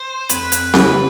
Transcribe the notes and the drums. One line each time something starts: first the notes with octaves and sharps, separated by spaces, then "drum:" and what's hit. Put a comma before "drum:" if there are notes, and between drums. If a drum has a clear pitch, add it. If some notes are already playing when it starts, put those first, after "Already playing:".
Already playing: C5
F2 B4, drum: hi-hat
drum: hi-hat
C#3 E3 G3 B3, drum: snare C4